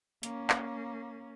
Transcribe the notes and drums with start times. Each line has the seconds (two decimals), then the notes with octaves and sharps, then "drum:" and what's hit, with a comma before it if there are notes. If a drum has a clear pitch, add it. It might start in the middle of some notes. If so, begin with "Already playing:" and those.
0.23 A#3 C#4, drum: hi-hat
0.50 drum: clap